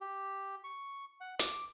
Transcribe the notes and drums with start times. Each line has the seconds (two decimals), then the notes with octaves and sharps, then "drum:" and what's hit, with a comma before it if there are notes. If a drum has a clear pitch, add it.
0.01 G4
0.64 C#6
1.21 F#5
1.39 D6, drum: hi-hat